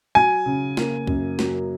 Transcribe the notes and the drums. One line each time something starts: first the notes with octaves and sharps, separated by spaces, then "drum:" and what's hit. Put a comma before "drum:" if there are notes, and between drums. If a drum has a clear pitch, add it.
F#3 G#5
C#3
A#3, drum: snare
F#2, drum: kick
F#3, drum: snare